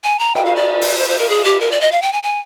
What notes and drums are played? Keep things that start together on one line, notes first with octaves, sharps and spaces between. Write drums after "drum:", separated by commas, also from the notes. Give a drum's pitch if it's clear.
G#5
A#5
G5, drum: cymbal
F5
D5
drum: open hi-hat
C5
C5
A#4
G#4
G4
A#4
D5
D#5
F5
G5
G#5
G#5